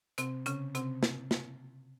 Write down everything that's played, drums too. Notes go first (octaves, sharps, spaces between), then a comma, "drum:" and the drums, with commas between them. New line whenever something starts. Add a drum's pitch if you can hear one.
C3 C4, drum: hi-hat
C#3 C#4, drum: hi-hat
C3 C4, drum: hi-hat
drum: snare
drum: snare